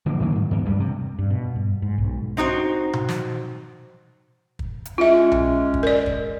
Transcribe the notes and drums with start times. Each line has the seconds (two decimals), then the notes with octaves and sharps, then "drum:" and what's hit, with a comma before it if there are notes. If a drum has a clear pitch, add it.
0.06 D3 F3 G#3 A#3
0.20 G#2 D#3 F#3 A#3
0.36 G#2
0.51 E2
0.64 D2 G2 G3
0.80 C3
1.19 G2
1.30 B2
1.56 G2
1.82 G#2
1.98 B1
2.37 C4 D#4 F#4 C5
2.93 drum: tom B2
3.09 drum: snare
4.59 drum: kick
4.85 drum: hi-hat
4.98 G#3 C#4 F4 E5
5.32 drum: tom B1
5.74 drum: kick
5.83 A#4 D5
6.06 drum: kick